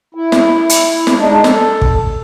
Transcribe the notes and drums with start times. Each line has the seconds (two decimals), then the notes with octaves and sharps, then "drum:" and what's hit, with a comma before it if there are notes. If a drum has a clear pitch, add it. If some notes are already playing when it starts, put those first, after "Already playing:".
0.15 E4
0.32 drum: snare
0.69 drum: hi-hat
1.07 drum: snare
1.18 G#3 D4 D#4
1.44 A4, drum: snare
1.82 drum: kick